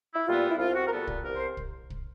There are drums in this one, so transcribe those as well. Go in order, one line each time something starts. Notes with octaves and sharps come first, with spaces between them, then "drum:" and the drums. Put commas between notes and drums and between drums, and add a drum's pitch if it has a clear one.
E4
A#2 G3 B3 F4
E4
C2 F4
F#4
A#4
A#2 G3 B3 A4
drum: kick
C2 A#4
C5
drum: kick
drum: kick